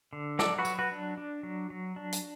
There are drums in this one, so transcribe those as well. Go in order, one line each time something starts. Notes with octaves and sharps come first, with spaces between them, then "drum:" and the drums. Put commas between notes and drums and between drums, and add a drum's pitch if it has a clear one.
D3
F#3 A4 D5, drum: snare
F#4 B4
F#3, drum: tambourine
F#4 B4
D4
D4
F#3
F#3
D4
drum: hi-hat